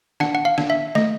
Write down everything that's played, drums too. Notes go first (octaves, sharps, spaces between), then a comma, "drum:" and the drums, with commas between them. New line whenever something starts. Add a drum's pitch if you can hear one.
D4 F#5, drum: snare
F#5
F5
D4, drum: snare
E5
A3 D#5, drum: snare